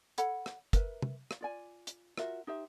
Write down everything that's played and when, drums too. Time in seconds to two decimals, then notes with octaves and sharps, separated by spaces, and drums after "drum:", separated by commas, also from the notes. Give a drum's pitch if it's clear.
0.18 A4 C#5 F#5 B5, drum: hi-hat
0.46 drum: rim click
0.73 A#4 B4 E5, drum: kick, hi-hat
1.02 drum: tom
1.31 drum: rim click
1.41 F4 D5 G#5
1.87 drum: hi-hat
2.18 F4 F#4 A#4 E5, drum: rim click
2.47 D#4 G4 C5 E5